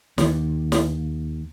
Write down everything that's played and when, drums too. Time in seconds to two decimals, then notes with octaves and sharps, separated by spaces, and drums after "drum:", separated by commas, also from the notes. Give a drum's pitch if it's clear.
0.18 D#2, drum: snare
0.72 drum: snare